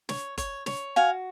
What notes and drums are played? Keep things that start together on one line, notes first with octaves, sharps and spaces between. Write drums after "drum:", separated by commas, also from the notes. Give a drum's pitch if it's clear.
C#5, drum: snare
C#5, drum: kick G1, hi-hat
C#5, drum: snare
F#4 F5 G#5